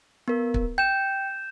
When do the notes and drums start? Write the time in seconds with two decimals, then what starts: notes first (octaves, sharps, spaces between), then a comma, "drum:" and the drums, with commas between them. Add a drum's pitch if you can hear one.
0.28 B3 A#4
0.54 drum: kick
0.78 G5 G6 E7